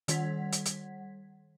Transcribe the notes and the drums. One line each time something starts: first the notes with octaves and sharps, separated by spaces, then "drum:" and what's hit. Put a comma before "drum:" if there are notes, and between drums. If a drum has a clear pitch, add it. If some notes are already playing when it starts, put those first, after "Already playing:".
D#3 G3 F#5 G#6 B6, drum: hi-hat
drum: hi-hat
drum: hi-hat